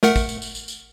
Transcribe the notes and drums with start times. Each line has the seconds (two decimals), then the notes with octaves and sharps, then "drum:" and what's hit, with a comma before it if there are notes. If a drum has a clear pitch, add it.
0.03 A3 A#4 F#5, drum: snare
0.16 drum: kick, tambourine
0.29 drum: tambourine
0.42 drum: tambourine
0.55 drum: tambourine
0.68 drum: tambourine